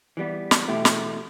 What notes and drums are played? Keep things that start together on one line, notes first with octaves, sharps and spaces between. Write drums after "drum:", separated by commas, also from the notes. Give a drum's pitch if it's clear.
E3 G3 B3
drum: snare
E2 B2 A3 E4 G4
drum: snare